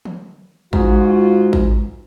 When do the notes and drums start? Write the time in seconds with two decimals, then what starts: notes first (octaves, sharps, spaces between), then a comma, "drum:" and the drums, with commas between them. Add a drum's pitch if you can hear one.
0.05 drum: tom
0.73 G#2 F4 F#4, drum: kick A1
1.53 drum: kick A1